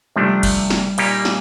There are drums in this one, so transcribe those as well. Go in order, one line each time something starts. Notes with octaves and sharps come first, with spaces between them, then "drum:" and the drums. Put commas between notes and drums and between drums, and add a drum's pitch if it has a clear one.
C3 F3 G3 A3 D4
drum: kick F#1, cymbal
drum: snare
A#2 G3 A#3 D#4 G4, drum: cymbal
drum: snare